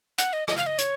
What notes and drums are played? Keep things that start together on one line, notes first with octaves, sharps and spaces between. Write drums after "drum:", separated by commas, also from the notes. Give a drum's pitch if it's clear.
F#5, drum: hi-hat
D#5
D#5, drum: rim click
F5
D#5
C#5, drum: hi-hat